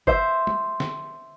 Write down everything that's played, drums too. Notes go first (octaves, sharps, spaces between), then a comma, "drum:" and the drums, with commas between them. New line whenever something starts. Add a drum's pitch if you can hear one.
C5 E5, drum: kick G1
drum: tom
drum: snare